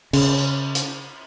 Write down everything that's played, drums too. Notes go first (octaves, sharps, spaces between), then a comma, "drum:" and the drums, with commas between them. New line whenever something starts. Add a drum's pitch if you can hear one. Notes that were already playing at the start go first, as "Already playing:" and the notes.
C#3, drum: cymbal
drum: tambourine
drum: hi-hat